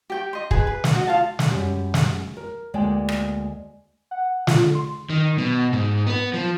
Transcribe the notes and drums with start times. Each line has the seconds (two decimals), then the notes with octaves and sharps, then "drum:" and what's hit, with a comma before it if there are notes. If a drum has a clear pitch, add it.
0.10 G4 G5 C#6
0.33 D#5 C6
0.51 G#4 B4, drum: kick
0.67 B4
0.84 drum: snare
0.94 F#4 D#5
1.07 F4 F5 A5
1.39 drum: snare
1.50 F#2 G3
1.94 drum: snare
2.37 A#4
2.74 D2 G#3 A#3 D5 G5
3.09 drum: rim click
4.11 F#5
4.47 F4, drum: snare
4.59 D3
4.75 C6
5.10 D#3
5.38 B2
5.73 G#2
6.07 B3 B4
6.34 F3